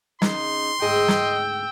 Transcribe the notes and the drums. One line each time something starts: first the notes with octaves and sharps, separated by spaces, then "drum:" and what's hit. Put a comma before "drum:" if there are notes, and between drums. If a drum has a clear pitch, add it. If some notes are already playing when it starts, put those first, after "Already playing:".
C#3 D#4 C6, drum: snare
D2 G#2 G#4 D#5 G5 E6
drum: snare